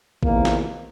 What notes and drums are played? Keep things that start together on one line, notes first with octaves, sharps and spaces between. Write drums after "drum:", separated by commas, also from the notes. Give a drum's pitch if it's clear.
E2 C3 D#3 A#3, drum: kick A#1
drum: snare